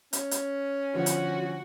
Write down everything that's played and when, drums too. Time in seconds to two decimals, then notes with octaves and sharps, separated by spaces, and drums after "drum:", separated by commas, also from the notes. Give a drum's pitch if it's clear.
0.13 C#4, drum: hi-hat
0.31 drum: hi-hat
0.95 D3 F3 F#4
1.06 drum: hi-hat